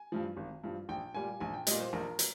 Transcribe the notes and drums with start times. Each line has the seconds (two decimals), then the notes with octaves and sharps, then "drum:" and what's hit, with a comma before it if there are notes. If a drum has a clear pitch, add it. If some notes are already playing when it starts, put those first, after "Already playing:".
Already playing: G#5
0.12 G2 F3
0.37 G#1
0.64 G2 F3
0.89 A#1 G5
1.14 A#2 G3 G#5
1.40 A#1 G#5
1.54 G5
1.67 A#2 G3 D#5, drum: hi-hat
1.80 C5
1.93 A#1 A#4
2.19 drum: hi-hat